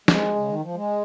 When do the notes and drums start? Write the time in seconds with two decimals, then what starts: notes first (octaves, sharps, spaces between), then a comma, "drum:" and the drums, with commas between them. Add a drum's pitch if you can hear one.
0.08 G#3, drum: snare
0.36 C#3
0.48 D#3
0.62 F3
0.75 G#3